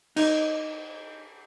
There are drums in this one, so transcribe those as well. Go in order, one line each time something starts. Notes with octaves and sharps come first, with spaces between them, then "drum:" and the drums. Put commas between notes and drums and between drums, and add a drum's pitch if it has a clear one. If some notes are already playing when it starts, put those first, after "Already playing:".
D#4, drum: cymbal